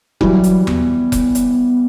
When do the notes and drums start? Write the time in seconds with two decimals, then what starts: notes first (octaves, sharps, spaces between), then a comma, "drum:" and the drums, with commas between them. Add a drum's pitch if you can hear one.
0.21 E3 F#3 G3, drum: kick F1
0.44 drum: hi-hat
0.67 B3, drum: tom E2
1.12 drum: kick F1, hi-hat
1.35 drum: hi-hat